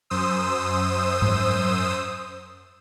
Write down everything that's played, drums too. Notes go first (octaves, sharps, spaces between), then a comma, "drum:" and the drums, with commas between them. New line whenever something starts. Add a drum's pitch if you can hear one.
F#2 C5 D#6 E6
drum: tom G#2